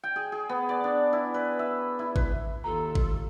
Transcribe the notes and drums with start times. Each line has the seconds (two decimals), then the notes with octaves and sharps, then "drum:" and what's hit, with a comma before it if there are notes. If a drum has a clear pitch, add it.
0.04 G5
0.16 G#4
0.32 G#4
0.49 B3
0.69 D5
0.84 D4
1.13 E4
1.34 B4
1.59 E5
1.99 E4
2.16 B4, drum: kick G#1
2.64 D#2 D#3 F4 A4 A#5
2.95 drum: kick G#1